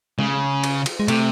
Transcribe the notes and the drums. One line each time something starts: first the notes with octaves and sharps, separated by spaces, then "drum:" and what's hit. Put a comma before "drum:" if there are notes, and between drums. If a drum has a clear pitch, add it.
C#3, drum: tom
drum: cymbal
drum: cymbal
G#3
C3 A3, drum: cymbal